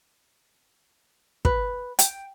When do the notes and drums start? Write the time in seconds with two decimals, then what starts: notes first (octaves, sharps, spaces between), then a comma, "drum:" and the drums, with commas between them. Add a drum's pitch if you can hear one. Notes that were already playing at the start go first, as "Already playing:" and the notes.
1.45 B4, drum: kick
1.99 G5, drum: hi-hat